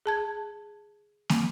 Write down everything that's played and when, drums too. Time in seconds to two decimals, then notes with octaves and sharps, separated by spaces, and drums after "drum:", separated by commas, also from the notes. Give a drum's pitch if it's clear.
0.06 G#4 A5 G#6
1.29 drum: snare